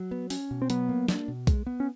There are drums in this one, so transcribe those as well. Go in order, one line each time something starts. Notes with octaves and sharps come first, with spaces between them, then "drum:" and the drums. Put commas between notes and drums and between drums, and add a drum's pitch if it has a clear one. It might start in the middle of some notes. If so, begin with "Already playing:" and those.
Already playing: F#3
B3
C#4, drum: open hi-hat
B2
C4
F#3 B3, drum: hi-hat
A#3
D4, drum: snare
B2
G#3, drum: kick B1, hi-hat
B3
C#4